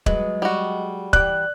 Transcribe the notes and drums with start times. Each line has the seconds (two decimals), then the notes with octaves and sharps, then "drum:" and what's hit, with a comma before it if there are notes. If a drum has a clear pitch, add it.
0.06 F#3 G#3 B4 D#5, drum: kick
0.42 G3 F#4
1.13 E3 G4 D5 F#6, drum: kick